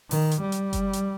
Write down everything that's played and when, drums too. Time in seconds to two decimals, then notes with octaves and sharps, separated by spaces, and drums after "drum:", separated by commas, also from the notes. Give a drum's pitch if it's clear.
0.11 D#3, drum: open hi-hat
0.31 drum: hi-hat
0.42 G3
0.52 drum: hi-hat
0.73 drum: kick F#1, hi-hat
0.93 drum: hi-hat